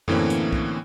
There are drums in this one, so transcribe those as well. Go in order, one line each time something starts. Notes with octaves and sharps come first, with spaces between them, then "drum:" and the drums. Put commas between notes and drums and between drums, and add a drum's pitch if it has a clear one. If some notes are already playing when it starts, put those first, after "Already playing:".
A2 D3 E3 A#3 C4 C#4, drum: tom F#2
drum: hi-hat
drum: kick B1